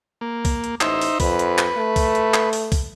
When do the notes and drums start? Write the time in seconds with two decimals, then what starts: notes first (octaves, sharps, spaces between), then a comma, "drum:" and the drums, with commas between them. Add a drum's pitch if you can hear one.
0.21 A#3
0.45 drum: kick B1, open hi-hat
0.64 drum: hi-hat
0.81 A1 D#4 C5 E5, drum: clap
1.02 drum: open hi-hat
1.20 F2 B4, drum: kick B1, open hi-hat
1.39 drum: hi-hat
1.58 drum: clap
1.77 A3
1.96 drum: kick B1, open hi-hat
2.15 drum: hi-hat
2.34 drum: clap
2.53 drum: open hi-hat
2.72 drum: kick B1, open hi-hat